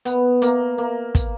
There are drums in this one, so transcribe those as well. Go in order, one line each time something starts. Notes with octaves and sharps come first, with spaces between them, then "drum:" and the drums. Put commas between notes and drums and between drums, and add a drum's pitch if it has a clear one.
B3, drum: hi-hat
A#3, drum: hi-hat
A#3
drum: kick, hi-hat